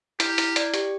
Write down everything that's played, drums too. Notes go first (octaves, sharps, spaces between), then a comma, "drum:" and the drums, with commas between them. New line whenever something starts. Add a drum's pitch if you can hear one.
E4 G4, drum: hi-hat
E4, drum: hi-hat
D5, drum: hi-hat
G4, drum: hi-hat